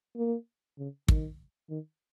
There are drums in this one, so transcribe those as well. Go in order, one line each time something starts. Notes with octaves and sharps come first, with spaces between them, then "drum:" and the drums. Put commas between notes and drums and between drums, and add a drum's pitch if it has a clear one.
A#3
C#3
D#3, drum: kick
D#3